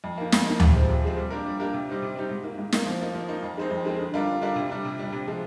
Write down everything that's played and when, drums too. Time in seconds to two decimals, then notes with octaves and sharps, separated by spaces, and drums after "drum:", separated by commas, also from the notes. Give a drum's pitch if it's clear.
0.04 F2
0.18 D#3 A#3
0.32 F2, drum: snare
0.47 D#3 A#3
0.60 C3, drum: tom D2
0.74 F3 G#3 C4
0.89 C3
1.03 F3 G#3 C4
1.17 G3
1.30 A#3 D4 G4 A#4
1.46 G3
1.60 A#3 D4 G4 A#4
1.74 C3
1.88 G3 C4 D#4 G4
2.02 C3
2.15 G3 C4 D#4 G4
2.29 G#2
2.44 D#3 A#3
2.58 G#2
2.72 D#3 A#3, drum: snare
2.86 F3
3.01 A#3 D#4
3.15 F3
3.28 A#3 D#4
3.42 F2
3.57 D#3 G#3 C4 D#4
3.71 F2
3.85 D#3 G#3 C4 D#4
3.99 D3
4.14 G3 D4 F4 A#4
4.28 D3
4.42 G3 D4 F4 A#4
4.56 C3
4.70 G3 D4
4.85 C3
4.99 G3 D4
5.12 C3
5.27 F3 G#3